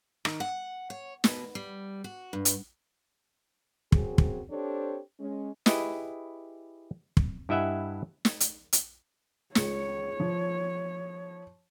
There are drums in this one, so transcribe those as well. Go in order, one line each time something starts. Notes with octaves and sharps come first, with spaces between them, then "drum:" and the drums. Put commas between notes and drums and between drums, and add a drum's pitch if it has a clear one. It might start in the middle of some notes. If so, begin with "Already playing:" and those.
D#3, drum: rim click
F#5
C#5
B2, drum: snare
G3
F#4
G2
drum: hi-hat
F#2 C4 F#4 G#4, drum: kick
drum: kick
C4 D4 G4 A4 C5 C#5
G#3 C#4
E4 G4 G#4 B4 D#5, drum: snare
drum: kick
G2 E4 D#5 E5 F#5 G#5
drum: snare
drum: hi-hat
drum: hi-hat
C#2 C#5 C#7, drum: snare
F3